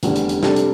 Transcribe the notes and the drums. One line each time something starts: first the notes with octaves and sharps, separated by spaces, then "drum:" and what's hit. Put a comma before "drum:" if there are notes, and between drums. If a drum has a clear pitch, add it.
F1 E2 D3 G3 D4, drum: hi-hat
drum: hi-hat
drum: hi-hat
C3 G3 D4 A4, drum: snare
drum: hi-hat